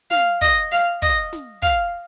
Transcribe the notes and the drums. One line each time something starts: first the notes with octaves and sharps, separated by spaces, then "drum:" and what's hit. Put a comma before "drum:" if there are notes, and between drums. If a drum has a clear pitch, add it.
F5, drum: snare
D#5, drum: kick
F5
D#5, drum: kick
drum: snare
F5, drum: kick